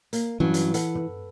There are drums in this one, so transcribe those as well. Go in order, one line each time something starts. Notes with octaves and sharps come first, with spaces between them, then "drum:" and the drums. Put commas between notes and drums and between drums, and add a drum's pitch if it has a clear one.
A#3, drum: hi-hat
G2 E3 F#3 C#4
drum: hi-hat
A4 B4 F#5, drum: hi-hat
drum: tom